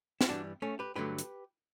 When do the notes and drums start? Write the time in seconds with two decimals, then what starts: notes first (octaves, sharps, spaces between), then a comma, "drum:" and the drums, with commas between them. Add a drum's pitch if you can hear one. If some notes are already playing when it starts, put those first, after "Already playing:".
0.21 E4, drum: snare
0.28 G2 E3 G3 D4 F#4
0.62 A3 C#4
0.79 G4 B4
0.96 G2 D3 F#3 A3 G4 B4
1.18 drum: hi-hat